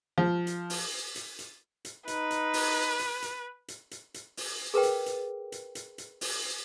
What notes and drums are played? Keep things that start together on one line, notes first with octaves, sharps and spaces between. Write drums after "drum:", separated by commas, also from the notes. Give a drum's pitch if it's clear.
F3
drum: hi-hat
drum: open hi-hat
drum: hi-hat
drum: hi-hat
drum: hi-hat
D#4 B4, drum: hi-hat
drum: hi-hat
drum: open hi-hat
drum: hi-hat
drum: hi-hat
drum: hi-hat
drum: hi-hat
drum: hi-hat
drum: open hi-hat
G#4 A#4 B4 G5
drum: hi-hat
drum: hi-hat
drum: hi-hat
drum: hi-hat
drum: hi-hat
drum: open hi-hat